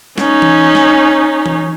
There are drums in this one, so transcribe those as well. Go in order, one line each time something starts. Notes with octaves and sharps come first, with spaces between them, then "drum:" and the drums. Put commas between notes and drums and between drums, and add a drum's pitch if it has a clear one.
C#4 D#4, drum: snare
drum: tom E3
drum: snare
drum: tom E3